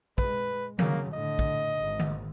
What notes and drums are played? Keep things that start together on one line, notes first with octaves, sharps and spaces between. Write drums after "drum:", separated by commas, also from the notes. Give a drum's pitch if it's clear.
G#3 B4, drum: kick
C#3 F#3 A#3, drum: tom D3
A2 D3 D#5
drum: kick
G#1
drum: tom D3